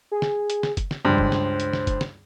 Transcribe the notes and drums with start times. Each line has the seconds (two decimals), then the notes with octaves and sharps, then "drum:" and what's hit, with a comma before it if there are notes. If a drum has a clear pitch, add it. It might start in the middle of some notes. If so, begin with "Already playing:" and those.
0.12 G#4
0.22 drum: snare
0.50 drum: hi-hat
0.63 drum: snare
0.77 drum: kick F#1, hi-hat
0.91 drum: snare
1.05 C#2 G2 C5
1.18 drum: kick F#1
1.32 drum: snare
1.60 drum: hi-hat
1.73 drum: snare
1.87 drum: kick F#1, hi-hat
2.01 drum: snare